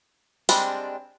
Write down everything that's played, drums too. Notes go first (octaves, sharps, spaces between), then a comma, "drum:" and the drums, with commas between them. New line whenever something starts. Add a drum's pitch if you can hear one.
G3 G#3 C4 D4, drum: open hi-hat